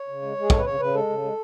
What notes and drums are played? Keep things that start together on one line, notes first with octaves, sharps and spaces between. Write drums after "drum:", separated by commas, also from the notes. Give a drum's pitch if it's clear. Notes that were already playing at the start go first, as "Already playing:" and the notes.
Already playing: C#5
C#3
G#3
G#3
G#4
C#3 A4, drum: kick
B4
C#3 C#5
C#3 B4
G#3 A4
C#3
G#3